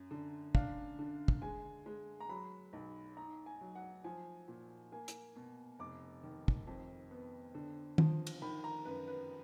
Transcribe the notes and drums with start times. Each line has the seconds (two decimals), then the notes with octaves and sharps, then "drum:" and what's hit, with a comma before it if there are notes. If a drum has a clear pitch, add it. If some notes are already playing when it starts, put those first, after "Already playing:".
Already playing: F#2
0.11 D3
0.55 D4 F5, drum: kick
0.99 D3
1.28 drum: kick
1.42 G#3 G#5
1.86 G#3
2.20 A#5
2.29 F#3 B5
2.73 B1
3.17 D#4 A#5
3.46 G#5
3.61 F#3
3.75 F#5
4.04 F3 G#5
4.48 A#2
4.92 A#3 G#5
5.08 drum: hi-hat
5.36 B2
5.79 F1 D6
6.23 D#3
6.48 drum: kick
6.67 F2
7.11 B3
7.55 D3
7.98 F3, drum: tom
8.27 drum: cymbal
8.42 D#3 B5
8.64 A#5
8.85 F#2 B4
9.07 B4